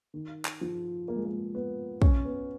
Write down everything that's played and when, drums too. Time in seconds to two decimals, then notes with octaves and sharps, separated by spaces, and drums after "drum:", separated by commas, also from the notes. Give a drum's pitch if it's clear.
0.14 D#3
0.45 drum: clap
0.61 F3
1.08 A#3
1.16 G#3
1.25 A#3
1.55 B3
2.02 C#4, drum: kick
2.25 B3